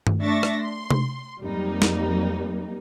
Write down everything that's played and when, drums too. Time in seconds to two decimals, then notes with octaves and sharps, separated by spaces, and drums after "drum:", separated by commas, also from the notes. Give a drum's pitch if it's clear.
0.07 drum: tom G2
0.22 A3 D4 E5 C#6 A6 A#6
0.43 drum: rim click
0.59 C6
0.90 drum: tom C3
1.41 F2 F#3 G3 A#3 D#4
1.82 drum: snare